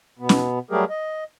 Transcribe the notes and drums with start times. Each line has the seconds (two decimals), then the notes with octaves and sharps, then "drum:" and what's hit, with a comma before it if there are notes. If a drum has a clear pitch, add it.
0.19 B2 B3
0.29 drum: snare C#4
0.71 F#3 G3 A3 G4 G#4 A#4
0.90 D#5